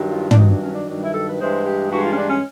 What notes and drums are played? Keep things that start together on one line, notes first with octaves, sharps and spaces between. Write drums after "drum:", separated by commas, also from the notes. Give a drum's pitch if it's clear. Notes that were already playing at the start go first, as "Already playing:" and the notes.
Already playing: G2 D#3 F#3
F4
D4, drum: tom
G2 D#3 F#3 D#4
D4
C#4
D4
G2 D#3 F#3 D4
E4
A4
B4
G2 E3 G#3 C5
G4
G2 E3 G#3 F#4
F4
C#4
D4
C#4